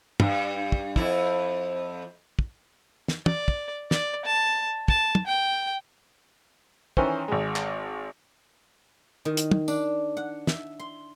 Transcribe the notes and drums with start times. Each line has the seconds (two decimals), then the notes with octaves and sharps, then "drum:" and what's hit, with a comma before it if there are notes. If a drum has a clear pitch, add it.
0.20 G2, drum: tom
0.72 drum: kick
0.96 F2 E4, drum: kick
2.39 drum: kick
3.08 drum: snare
3.26 D5, drum: tom
3.48 drum: kick
3.91 D5, drum: snare
4.25 A5
4.88 A5, drum: kick
5.15 drum: tom
5.27 G5
6.97 D#3 E3 C#4 C5, drum: kick
7.28 G#1 G#3
7.56 drum: clap
9.25 D#3
9.37 drum: hi-hat
9.51 drum: tom
9.68 D4, drum: tambourine
10.17 F#5
10.47 E5, drum: snare
10.80 C6